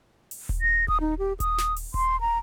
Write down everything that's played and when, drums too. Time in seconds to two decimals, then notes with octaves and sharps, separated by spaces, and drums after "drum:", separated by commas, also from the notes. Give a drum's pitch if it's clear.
0.31 drum: open hi-hat
0.49 drum: kick D#1
0.62 A#6
0.88 D#6, drum: kick D#1
1.01 D#4
1.19 G4
1.40 D#6, drum: kick D#1, hi-hat
1.58 drum: snare
1.76 drum: open hi-hat
1.94 C6, drum: kick D#1
2.21 A#5